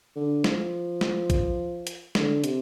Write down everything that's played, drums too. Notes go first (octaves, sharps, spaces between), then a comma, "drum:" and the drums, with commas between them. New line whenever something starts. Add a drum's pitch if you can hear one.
D3
F3, drum: snare
drum: snare
drum: kick A#1, hi-hat
drum: hi-hat
D3, drum: snare
C3, drum: hi-hat